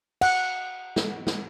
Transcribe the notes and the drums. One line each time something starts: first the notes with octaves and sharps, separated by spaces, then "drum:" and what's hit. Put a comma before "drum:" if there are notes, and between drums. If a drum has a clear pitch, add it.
F#5, drum: cymbal
drum: snare
drum: snare